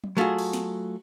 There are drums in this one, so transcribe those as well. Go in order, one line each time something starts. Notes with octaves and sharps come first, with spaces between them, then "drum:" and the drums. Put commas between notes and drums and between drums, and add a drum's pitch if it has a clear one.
drum: tom F#3
F#3 A3 F4 F#4 G#4
drum: cymbal
drum: snare